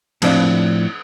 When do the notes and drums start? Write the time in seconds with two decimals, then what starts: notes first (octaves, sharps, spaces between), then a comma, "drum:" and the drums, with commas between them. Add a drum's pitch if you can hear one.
0.22 A2 F3 C4 D4 D5 F5, drum: cymbal